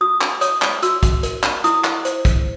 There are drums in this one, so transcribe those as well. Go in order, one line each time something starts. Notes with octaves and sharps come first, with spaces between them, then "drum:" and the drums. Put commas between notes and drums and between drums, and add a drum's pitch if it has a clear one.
F#4 D#6
drum: clap
C#5 D#6, drum: hi-hat
drum: clap
F#4 E6, drum: hi-hat
drum: kick, hi-hat
A#4, drum: hi-hat
drum: clap
E4 D#6, drum: hi-hat
drum: clap
C5, drum: hi-hat
drum: kick, hi-hat